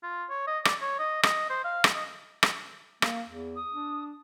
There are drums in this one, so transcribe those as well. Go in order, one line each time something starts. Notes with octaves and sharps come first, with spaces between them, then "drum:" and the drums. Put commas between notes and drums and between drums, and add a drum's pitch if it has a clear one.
F4
C#5
D#5
D5, drum: rim click
C#5
D#5
D#5, drum: rim click
C5
F5
drum: rim click
D#5
drum: rim click
A#3, drum: rim click
E2
D#6
D4